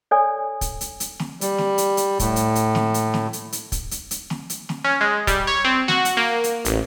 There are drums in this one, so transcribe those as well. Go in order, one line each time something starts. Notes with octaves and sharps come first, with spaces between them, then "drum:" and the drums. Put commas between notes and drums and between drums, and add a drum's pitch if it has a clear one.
A4 C#5 D5 G#5
drum: kick, hi-hat
drum: hi-hat
drum: hi-hat
drum: snare
G3, drum: hi-hat
drum: snare
drum: hi-hat
drum: hi-hat
A2, drum: kick, hi-hat
drum: hi-hat
drum: hi-hat
drum: snare
drum: hi-hat
drum: snare
drum: hi-hat
drum: hi-hat
drum: kick, hi-hat
drum: hi-hat
drum: hi-hat
drum: snare
drum: hi-hat
drum: snare
C#4
G#3
G3, drum: kick, hi-hat
C#5
C4
F#4, drum: snare
drum: hi-hat
A#3
drum: hi-hat
A1, drum: hi-hat